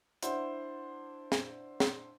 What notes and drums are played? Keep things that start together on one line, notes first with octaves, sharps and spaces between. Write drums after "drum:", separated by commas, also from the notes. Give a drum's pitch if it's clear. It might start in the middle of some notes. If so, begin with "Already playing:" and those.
D4 E4 C5 F#5, drum: hi-hat
drum: snare
drum: snare